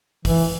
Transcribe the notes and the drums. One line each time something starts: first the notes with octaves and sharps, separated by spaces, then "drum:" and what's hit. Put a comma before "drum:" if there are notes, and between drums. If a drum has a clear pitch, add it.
E3, drum: kick, open hi-hat